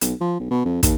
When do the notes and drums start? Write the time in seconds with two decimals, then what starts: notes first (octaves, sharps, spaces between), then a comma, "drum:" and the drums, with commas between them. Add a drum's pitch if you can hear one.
0.01 B1, drum: hi-hat
0.21 F3
0.40 B1
0.51 B2
0.65 F2
0.83 D#2, drum: kick, hi-hat